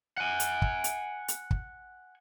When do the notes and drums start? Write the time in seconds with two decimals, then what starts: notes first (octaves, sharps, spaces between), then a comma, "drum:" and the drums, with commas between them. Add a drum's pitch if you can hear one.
0.17 F#5 G#5
0.40 drum: hi-hat
0.62 drum: kick
0.84 drum: hi-hat
1.28 drum: hi-hat
1.51 drum: kick